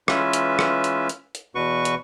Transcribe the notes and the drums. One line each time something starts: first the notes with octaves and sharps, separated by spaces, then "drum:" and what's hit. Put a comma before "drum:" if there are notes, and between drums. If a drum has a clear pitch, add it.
E3 G#3 C#4 F4 B4 E5, drum: rim click
drum: hi-hat
drum: rim click
drum: hi-hat
drum: hi-hat
drum: hi-hat
E2 B2 F#4 B4 C#6
drum: hi-hat